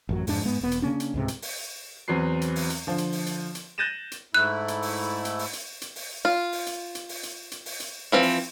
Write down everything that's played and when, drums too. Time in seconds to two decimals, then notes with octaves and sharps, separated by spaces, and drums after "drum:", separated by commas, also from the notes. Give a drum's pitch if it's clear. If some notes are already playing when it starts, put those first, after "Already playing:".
0.09 A1 F#2 F#3
0.27 F2 G#2 D4, drum: open hi-hat
0.45 G#2 G#3 B3
0.61 E1 B3
0.71 drum: hi-hat
0.82 C#3 A#3 C#4 D4
1.00 drum: hi-hat
1.14 C#2 G#2 C3
1.28 drum: hi-hat
1.42 drum: open hi-hat
2.08 E2 F#3 C4 B4 C7
2.41 drum: hi-hat
2.56 drum: open hi-hat
2.70 drum: hi-hat
2.87 D3 F3
2.98 drum: hi-hat
3.12 drum: open hi-hat
3.26 drum: hi-hat
3.55 drum: hi-hat
3.78 F#6 G6 A6 A#6 D#7 E7
4.12 drum: hi-hat
4.34 G#2 A3 E4 F#6
4.68 drum: hi-hat
4.82 drum: open hi-hat
5.25 drum: hi-hat
5.39 drum: open hi-hat
5.53 drum: hi-hat
5.82 drum: hi-hat
5.96 drum: open hi-hat
6.25 F4
6.52 drum: open hi-hat
6.67 drum: hi-hat
6.95 drum: hi-hat
7.09 drum: open hi-hat
7.23 drum: hi-hat
7.52 drum: hi-hat
7.66 drum: open hi-hat
7.80 drum: hi-hat
8.12 E3 F3 C4
8.22 drum: open hi-hat